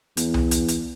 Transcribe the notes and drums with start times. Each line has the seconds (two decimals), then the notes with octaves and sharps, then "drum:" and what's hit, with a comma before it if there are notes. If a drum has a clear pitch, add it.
0.17 E2, drum: hi-hat
0.34 drum: tom C2
0.51 drum: hi-hat
0.68 drum: hi-hat